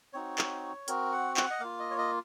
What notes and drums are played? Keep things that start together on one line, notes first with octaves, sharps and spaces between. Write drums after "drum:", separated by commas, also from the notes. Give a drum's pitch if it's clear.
C4 D#4 F#4 C#5
drum: clap
C4 F#4 A#4, drum: hi-hat
F#5
F#5, drum: clap
D#5
A#3 F4 F5
D#5
C#5
D#5